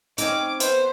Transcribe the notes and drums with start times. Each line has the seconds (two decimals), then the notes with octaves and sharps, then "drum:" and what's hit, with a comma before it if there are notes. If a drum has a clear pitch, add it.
0.18 C4 C#4 D#4 D6, drum: hi-hat
0.60 B3 C5, drum: hi-hat